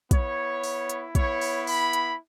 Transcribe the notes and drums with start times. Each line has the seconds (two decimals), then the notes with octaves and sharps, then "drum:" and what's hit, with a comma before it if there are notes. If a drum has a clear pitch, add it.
0.11 B3 E4 C#5, drum: kick, hi-hat
0.64 drum: open hi-hat
0.89 drum: hi-hat
1.15 B3 E4 C#5, drum: kick, hi-hat
1.41 drum: open hi-hat
1.67 B5, drum: open hi-hat
1.93 drum: hi-hat